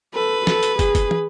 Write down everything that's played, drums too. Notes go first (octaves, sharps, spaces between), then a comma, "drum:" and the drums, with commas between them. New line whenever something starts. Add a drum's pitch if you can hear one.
A4 B4
A4, drum: snare
drum: hi-hat
G#4, drum: kick, hi-hat
drum: kick, hi-hat
drum: tom